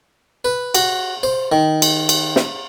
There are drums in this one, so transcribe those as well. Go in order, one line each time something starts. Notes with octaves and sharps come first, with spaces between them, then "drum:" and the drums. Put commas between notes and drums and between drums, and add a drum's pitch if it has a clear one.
B4
F#4, drum: cymbal
C5
D#3
drum: cymbal
drum: cymbal
drum: snare